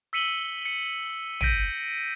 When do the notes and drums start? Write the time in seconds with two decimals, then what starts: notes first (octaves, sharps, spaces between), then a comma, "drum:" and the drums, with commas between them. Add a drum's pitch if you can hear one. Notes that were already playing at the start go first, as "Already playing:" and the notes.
0.13 E6 B6 C#7 D#7 F#7 G7
0.66 C#7
1.41 G6 A#6 B6 D7 D#7, drum: tom